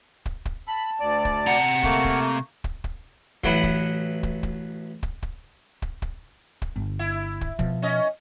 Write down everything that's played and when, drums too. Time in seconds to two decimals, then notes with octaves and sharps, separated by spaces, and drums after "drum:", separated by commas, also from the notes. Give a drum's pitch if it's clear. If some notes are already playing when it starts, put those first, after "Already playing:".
0.26 drum: kick
0.45 drum: kick
0.67 A5 B5
1.00 D2 D5
1.25 drum: kick
1.46 C3 F#5 A#5
1.83 A3 A#3 C#6, drum: kick
2.04 drum: kick
2.64 drum: kick
2.84 drum: kick
3.44 A1 F#3 E4 B4 F#5, drum: kick
3.64 drum: kick
4.23 drum: kick
4.43 drum: kick
5.03 drum: kick
5.23 drum: kick
5.82 drum: kick
6.02 drum: kick
6.62 drum: kick
6.76 G1
6.99 E4
7.41 drum: kick
7.59 B2 F3, drum: kick
7.82 C#4 D#5